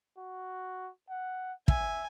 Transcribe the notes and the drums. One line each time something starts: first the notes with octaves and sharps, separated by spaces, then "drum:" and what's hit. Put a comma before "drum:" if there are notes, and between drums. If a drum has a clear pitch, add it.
F#4
F#5
E5 G#5, drum: kick